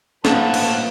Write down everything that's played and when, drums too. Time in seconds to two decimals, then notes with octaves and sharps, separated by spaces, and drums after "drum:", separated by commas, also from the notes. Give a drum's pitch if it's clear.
0.25 A2 F3 A#3 B4 F5 F#5 A5, drum: snare
0.54 drum: cymbal